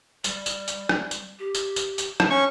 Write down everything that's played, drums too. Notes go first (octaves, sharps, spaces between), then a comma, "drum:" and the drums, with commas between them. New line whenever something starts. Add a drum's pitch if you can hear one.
G3, drum: tambourine
drum: tambourine
drum: tambourine
drum: rim click
drum: tambourine
G4
drum: tambourine
drum: tambourine
drum: tambourine
drum: rim click
C#4 D4 C#6